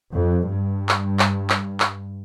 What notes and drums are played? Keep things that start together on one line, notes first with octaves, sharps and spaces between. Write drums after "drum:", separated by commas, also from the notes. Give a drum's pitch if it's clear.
F2
G2
drum: clap
drum: clap
drum: clap
drum: clap